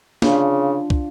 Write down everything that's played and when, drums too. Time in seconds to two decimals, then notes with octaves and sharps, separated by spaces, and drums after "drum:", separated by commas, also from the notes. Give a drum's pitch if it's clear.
0.22 C#3 D4 F4, drum: snare
0.90 drum: kick